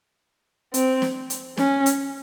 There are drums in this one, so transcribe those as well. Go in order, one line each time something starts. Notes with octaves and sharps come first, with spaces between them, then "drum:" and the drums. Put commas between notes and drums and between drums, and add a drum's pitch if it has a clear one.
C4, drum: hi-hat
drum: snare
drum: hi-hat
C#4, drum: snare
drum: hi-hat